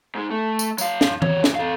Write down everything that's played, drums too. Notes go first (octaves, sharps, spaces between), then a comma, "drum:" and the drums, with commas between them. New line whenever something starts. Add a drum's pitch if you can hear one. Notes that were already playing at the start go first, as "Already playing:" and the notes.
G#2 G#3
A3
drum: tambourine
F#3 F5, drum: tambourine
drum: snare
G3 C#5, drum: tom E3
G2 E3, drum: snare
A4 F5